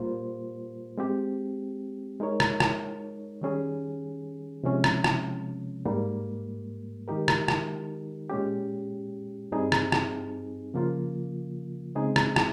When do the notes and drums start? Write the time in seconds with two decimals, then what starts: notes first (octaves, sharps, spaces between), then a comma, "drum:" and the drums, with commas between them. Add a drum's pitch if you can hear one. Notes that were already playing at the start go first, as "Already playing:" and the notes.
Already playing: A#2 G3 A#3 F4 C5
0.98 G#3 C4 G4
2.20 G#3 D#4 A#4 C#5
2.40 drum: rim click
2.60 drum: rim click
3.41 D#3 G3 C#4 G#4
4.64 C3 F3 G#3 C#4
4.84 drum: rim click
5.04 drum: rim click
5.86 G#2 G3 A#3
7.08 D#3 G#3 D#4 G4 A#4
7.28 drum: rim click
7.48 drum: rim click
8.30 A#2 G#3 C#4 G4
9.52 G2 G3 C4 D#4 G#4
9.72 drum: rim click
9.92 drum: rim click
10.74 C#3 F3 A#3 F4
11.95 C#3 G#3 C4 D#4 G#4
12.16 drum: rim click
12.36 drum: rim click